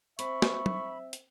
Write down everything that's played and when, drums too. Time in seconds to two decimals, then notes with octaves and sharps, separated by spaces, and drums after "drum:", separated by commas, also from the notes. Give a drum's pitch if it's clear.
0.19 C4 E5 B5 C#6, drum: hi-hat
0.42 drum: snare
0.66 drum: tom
1.13 drum: hi-hat